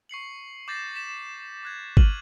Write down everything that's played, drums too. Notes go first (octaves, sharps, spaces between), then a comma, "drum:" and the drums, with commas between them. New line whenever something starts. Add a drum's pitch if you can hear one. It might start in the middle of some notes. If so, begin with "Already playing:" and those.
C#6 C7 C#7 F#7
D6 G6 A6 A#6 C7 E7
B6 E7
D6 F#6 G#6
F6 D#7 F#7, drum: kick